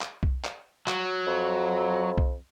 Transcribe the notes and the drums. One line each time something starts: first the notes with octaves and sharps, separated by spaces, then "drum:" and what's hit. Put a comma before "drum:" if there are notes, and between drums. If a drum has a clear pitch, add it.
drum: clap
drum: kick B1
drum: clap
F#3, drum: clap
F2
drum: kick B1